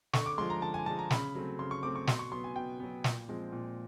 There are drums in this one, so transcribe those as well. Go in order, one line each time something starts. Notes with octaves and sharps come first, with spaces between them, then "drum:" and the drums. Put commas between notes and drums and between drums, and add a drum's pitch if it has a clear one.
D3 C#6, drum: snare
D6
F3 G#3 C6
A#5
D3 A5
G#5
F3 G#3 A5
A#5
C#3 B5, drum: snare
F#3 A3 C4
C#3 C6
C#6
F#3 A3 C4 D6
C#6
B2 C6, drum: snare
C#6
F#3 B3 C6
G#5
B2 G5
F#3 B3
A#2, drum: snare
F3 G#3 C4
A#2